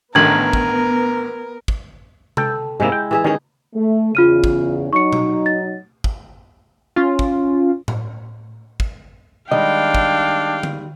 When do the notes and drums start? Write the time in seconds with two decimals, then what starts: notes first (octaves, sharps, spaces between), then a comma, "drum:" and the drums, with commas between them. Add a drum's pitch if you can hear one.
0.15 A1 D3 D#3 B3 A#4 G#6 F#7
0.53 drum: kick
1.68 drum: kick
2.37 A4 G5, drum: tom C3
2.80 G#2 C3 G#3 A#3 E4
2.92 G5
3.11 E3 G#4 E5
3.24 D#3 C#4 D#4 G#4
3.75 A3
4.15 E2 C#3 F4 F6 D#7
4.44 drum: kick
4.93 F#3 D#4 C#6 C#7
5.13 drum: tom B2
5.46 A6
6.04 drum: kick
6.96 C#4 F4
7.19 drum: kick
7.88 drum: tom A2
8.80 drum: kick
9.51 D#3 G3 G#3 D4 D#5 F5 G5
9.95 drum: kick
10.63 drum: tom D3